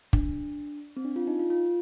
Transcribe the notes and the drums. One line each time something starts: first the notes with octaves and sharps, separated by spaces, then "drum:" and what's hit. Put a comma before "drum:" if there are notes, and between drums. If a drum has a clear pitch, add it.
D4, drum: kick
C4
D4
F4
D#4
F4
F4